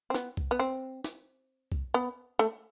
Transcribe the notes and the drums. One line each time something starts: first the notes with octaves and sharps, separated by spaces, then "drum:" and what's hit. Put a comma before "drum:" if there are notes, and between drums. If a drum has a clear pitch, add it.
C4
B3, drum: snare
drum: kick
B3
C4
drum: snare
drum: kick
B3
A3